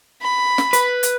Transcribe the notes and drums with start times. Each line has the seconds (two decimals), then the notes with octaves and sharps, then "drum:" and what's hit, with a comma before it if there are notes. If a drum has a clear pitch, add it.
0.22 B5
0.58 drum: snare
0.73 B4, drum: hi-hat
1.03 drum: hi-hat